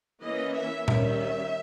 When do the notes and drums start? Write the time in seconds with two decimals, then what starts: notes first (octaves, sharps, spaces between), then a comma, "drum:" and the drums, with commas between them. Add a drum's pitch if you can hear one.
0.22 E3 A#3 C#4 D#5
0.55 E5
0.88 D#3 G3 C#4 E5, drum: tom A#2